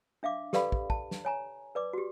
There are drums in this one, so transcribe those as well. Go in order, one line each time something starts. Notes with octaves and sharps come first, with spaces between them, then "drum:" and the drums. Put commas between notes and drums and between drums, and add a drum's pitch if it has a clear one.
D4 E5 F5 D6
G4 A4 B4 D5 F5 B5, drum: snare
drum: kick
A5, drum: kick
drum: snare
C#5 G#5 A#5
B4 D5 D6
F#4 G4